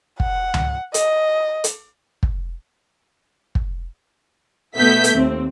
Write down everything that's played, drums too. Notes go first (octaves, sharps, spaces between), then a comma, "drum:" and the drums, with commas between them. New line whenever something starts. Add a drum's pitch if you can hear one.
F#5, drum: kick
drum: tom C#2
D#5, drum: hi-hat
drum: hi-hat
drum: kick
drum: kick
B2 A3 B3 E5 G6 B6
drum: hi-hat
D#2 C4